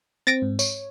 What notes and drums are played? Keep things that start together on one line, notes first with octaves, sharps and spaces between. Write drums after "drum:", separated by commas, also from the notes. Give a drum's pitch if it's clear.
C4 A6 A#6 D7
G#2
C#5, drum: tambourine